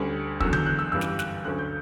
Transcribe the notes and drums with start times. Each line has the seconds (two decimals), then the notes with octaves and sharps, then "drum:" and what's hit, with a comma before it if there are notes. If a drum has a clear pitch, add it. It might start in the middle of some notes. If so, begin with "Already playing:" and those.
Already playing: D2 D3 G3 C#4
0.40 E2 D3 F#3 C#4 E6, drum: kick
0.53 G6, drum: tom D3
0.66 F#6
0.79 E6
0.92 G1 F#2 E3 G3 E6
1.01 drum: snare
1.19 F#6, drum: snare
1.45 D2 D3 F#3 C#4 F#6
1.59 G6